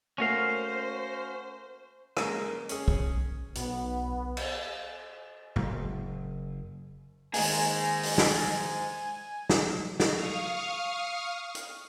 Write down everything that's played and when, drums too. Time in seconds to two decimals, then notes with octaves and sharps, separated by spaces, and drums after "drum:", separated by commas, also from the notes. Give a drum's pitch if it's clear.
0.18 A3 A#3 C#4 F#4 C5 F5
2.17 C#3 G#3 A#3, drum: rim click
2.69 C#4 G#4, drum: hi-hat
2.88 drum: kick
3.55 B1 B3, drum: hi-hat
4.37 drum: cymbal
5.56 F#1, drum: tom A2
7.34 G#2 D#3 G#3 A#3 G#4 G#5, drum: open hi-hat
8.03 drum: open hi-hat
8.18 drum: snare
9.49 drum: snare
10.00 drum: snare
10.11 F5 C#6 D#6 F6
11.55 drum: hi-hat